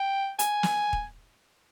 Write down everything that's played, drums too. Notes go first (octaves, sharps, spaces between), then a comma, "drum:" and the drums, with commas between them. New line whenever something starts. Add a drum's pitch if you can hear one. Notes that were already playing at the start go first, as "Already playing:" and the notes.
Already playing: G5
G#5, drum: hi-hat
drum: snare
drum: kick